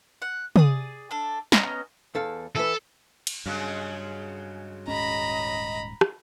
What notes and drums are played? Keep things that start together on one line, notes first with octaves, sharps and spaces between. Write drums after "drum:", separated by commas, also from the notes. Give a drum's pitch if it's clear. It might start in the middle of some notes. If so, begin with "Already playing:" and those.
F#5
G#4 D5 D#6, drum: tom
D4 A4
B3 C#4 D#5 A#5, drum: snare
E2 A4 F5
E3 A4 B4
drum: cymbal
G2 C#3 F#3 G#3
D#1 G#2 C#4 D#5 A#5 B5
drum: rim click